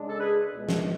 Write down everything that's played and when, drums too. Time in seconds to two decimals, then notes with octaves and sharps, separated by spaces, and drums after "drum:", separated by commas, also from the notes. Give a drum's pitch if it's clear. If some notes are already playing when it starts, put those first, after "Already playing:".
Already playing: C#3 G#3 D4
0.09 A4
0.20 G#4 B4
0.53 C#2 B2 G#3
0.69 drum: snare